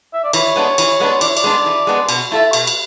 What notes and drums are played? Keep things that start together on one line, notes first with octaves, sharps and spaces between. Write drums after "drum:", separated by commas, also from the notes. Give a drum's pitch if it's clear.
E5
D5
E3 C#5, drum: cymbal
G#3 B3 D4
E3, drum: cymbal
G#3 B3 D4
E3 D5, drum: cymbal
C#5
D5, drum: cymbal
G#3 B3 D4
E3
G#3 B3 D4
B2, drum: cymbal
A3 E4 A4 E5
B2, drum: cymbal
drum: cymbal